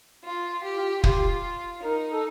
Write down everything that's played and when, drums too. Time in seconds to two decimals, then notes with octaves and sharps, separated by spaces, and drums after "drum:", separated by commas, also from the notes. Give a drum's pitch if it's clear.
0.24 F4
0.64 G4
0.77 F4
1.04 F4 G4, drum: kick
1.83 D#4 A#4
2.13 A4